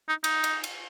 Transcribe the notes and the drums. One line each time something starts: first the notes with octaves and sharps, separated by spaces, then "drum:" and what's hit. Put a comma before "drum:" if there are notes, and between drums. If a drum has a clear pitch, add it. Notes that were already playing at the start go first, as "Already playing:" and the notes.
D#4
D#4, drum: cymbal
drum: cymbal
drum: cymbal